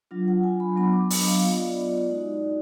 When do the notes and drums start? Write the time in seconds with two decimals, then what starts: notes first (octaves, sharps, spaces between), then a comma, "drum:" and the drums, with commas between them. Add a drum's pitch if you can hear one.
0.11 F#3 D4 F4
0.28 F#5
0.43 G#5
0.60 B5
0.76 F#3 B3 D4 B5
0.93 D6
1.10 D#5, drum: open hi-hat
1.27 F5
1.42 B3 F4 D#5
1.59 D5
1.76 D#5
1.92 D5
2.09 G#3 D#4 F#4